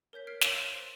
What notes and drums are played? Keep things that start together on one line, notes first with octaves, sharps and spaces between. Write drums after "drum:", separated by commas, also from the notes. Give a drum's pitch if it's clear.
A#4 C#5 G6 B6
F6 G#6 B6 C7 D7
C#5 F5 E6 F#6 A6, drum: snare
C6 G6 D#7
C5